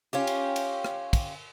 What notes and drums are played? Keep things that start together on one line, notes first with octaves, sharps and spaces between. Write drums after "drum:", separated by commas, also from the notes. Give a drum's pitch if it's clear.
C#4 F4 G4
drum: cymbal
drum: cymbal
drum: rim click
drum: kick, cymbal